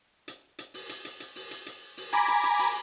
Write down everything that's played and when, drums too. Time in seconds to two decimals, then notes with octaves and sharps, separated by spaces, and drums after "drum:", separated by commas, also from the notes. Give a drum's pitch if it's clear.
0.28 drum: hi-hat
0.59 drum: hi-hat
0.74 drum: open hi-hat
0.89 drum: hi-hat
1.05 drum: hi-hat
1.20 drum: hi-hat
1.36 drum: open hi-hat
1.51 drum: hi-hat
1.66 drum: hi-hat
1.97 drum: open hi-hat
2.13 G#5 A#5 B5 D6, drum: hi-hat
2.28 drum: hi-hat
2.43 drum: hi-hat
2.59 drum: open hi-hat